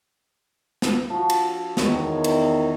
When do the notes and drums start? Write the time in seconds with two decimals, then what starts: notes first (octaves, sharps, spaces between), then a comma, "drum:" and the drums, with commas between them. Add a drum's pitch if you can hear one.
0.82 drum: snare
1.10 F3 F#4
1.30 drum: cymbal
1.77 E2 D#3 C#5, drum: snare
2.24 drum: cymbal